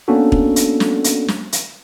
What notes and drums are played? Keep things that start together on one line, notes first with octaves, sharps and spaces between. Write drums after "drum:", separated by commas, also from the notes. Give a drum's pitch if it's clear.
A#3 B3 C#4 D4 F#4 A4
drum: kick
drum: hi-hat
drum: snare
drum: hi-hat
drum: snare
drum: hi-hat